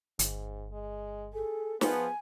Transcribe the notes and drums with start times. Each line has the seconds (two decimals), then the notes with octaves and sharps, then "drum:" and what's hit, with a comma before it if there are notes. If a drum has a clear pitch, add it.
0.19 G1 G#2, drum: hi-hat
0.71 G#3
1.33 G#4 A4
1.81 F3 B3 G#4 G#5, drum: snare